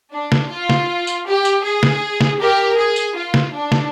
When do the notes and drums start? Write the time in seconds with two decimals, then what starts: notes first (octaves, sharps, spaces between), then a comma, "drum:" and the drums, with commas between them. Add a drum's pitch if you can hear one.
0.13 D4
0.32 drum: snare
0.50 F4
0.69 drum: snare
1.07 drum: tambourine
1.26 G4
1.45 drum: tambourine
1.63 G#4
1.83 drum: snare
2.21 drum: snare
2.39 G4 A#4
2.77 G#4
2.96 drum: tambourine
3.15 F4
3.34 drum: snare
3.53 D4
3.72 drum: snare